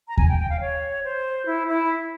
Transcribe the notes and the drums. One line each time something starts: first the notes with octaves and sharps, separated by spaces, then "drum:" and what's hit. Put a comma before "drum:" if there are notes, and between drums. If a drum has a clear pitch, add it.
A#5
G#5, drum: kick D#2
G5
G5
F5
C#5
C5
E4
E4